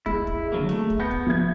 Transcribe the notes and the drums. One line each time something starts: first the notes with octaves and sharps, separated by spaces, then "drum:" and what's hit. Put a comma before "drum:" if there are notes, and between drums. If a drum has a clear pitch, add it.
G#3 E4, drum: kick
drum: kick
D3 F#3 A#3
A3, drum: snare
drum: kick
B3 G6 A#6 C#7
drum: kick
F3 E5 G#6